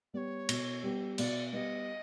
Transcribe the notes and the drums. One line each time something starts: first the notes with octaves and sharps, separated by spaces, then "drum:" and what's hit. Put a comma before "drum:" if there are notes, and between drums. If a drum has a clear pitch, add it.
G3 B3 C#5 D5
B2, drum: cymbal
G3 B3
B2 D5, drum: cymbal
G3 B3 D#5